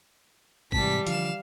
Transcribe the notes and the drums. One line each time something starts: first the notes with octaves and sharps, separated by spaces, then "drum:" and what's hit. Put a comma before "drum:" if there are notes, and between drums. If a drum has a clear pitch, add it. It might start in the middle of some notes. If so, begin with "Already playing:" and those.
G#2 C3 E3 G3 A5 B6, drum: kick A1
D3 F3 F5 E7, drum: hi-hat